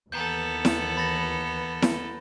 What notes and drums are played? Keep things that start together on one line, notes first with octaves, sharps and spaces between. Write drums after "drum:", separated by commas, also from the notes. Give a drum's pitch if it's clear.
D#2 E3 B3 A4 A#5 G6
drum: snare E4
B5 A6 A#6
drum: snare E4